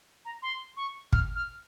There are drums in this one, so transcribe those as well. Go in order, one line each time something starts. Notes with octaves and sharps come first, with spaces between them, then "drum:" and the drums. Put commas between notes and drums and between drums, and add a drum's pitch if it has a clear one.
A#5
C6
C#6
F6, drum: kick
F6